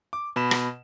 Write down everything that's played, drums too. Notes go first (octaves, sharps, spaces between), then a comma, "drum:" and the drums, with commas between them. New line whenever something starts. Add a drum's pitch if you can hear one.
D6
B2 B5 E7
drum: rim click